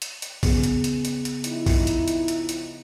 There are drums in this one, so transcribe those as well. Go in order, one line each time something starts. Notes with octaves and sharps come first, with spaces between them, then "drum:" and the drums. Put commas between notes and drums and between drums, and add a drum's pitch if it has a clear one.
drum: hi-hat
drum: hi-hat
C#3 B3 G#4, drum: kick, open hi-hat
drum: hi-hat
drum: hi-hat
drum: hi-hat
drum: hi-hat
F3 D#4 E4, drum: hi-hat
drum: kick, open hi-hat
drum: hi-hat
drum: hi-hat
drum: hi-hat
drum: hi-hat